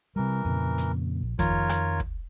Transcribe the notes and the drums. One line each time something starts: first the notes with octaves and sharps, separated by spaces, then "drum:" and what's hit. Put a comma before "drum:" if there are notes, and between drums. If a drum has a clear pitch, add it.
C3 E3 G3 A#4
F2 A#2 C#3
drum: hi-hat
A#1
F2 D#3 F3 F4 A#4 C#5, drum: kick, hi-hat
drum: rim click
drum: kick